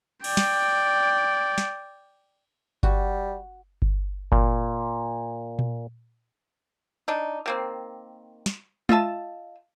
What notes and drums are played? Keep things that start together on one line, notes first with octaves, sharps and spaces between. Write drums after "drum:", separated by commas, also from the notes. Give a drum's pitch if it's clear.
D5 G5, drum: cymbal
drum: snare
drum: snare
G3 F#4, drum: kick G1
drum: kick G1
A#2, drum: kick G1
drum: tom A#2
D4 D#4
D#3 A#3 C4
drum: snare
F4 D#5 E5 A5, drum: tom G#3